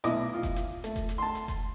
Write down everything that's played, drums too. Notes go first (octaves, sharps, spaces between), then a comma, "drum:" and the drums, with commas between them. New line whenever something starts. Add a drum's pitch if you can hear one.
B1 E4 D#5 D6, drum: hi-hat
F4
drum: kick F1, hi-hat
drum: hi-hat
A3, drum: hi-hat
drum: kick F1, hi-hat
drum: hi-hat
A5 C6
drum: hi-hat
drum: kick F1, hi-hat